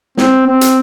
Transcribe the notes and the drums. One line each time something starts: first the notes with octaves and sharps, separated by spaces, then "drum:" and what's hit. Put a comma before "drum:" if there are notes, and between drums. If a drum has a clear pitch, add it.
C4, drum: snare
C4
drum: hi-hat